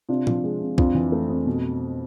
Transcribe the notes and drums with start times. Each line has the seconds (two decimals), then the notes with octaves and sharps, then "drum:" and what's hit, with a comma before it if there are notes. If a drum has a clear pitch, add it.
0.09 C3 D4 F4
0.27 F3, drum: tom A#2
0.44 G#3
0.61 C3
0.78 F2 D4 F4, drum: kick B1
0.95 E3
1.12 A3
1.30 F2
1.46 B2